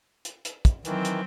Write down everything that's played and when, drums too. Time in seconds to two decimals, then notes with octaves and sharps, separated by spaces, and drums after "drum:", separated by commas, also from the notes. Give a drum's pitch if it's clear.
0.25 drum: hi-hat
0.45 drum: hi-hat
0.65 drum: kick, hi-hat
0.85 D#3 E3 F#3 C4, drum: hi-hat
1.05 drum: hi-hat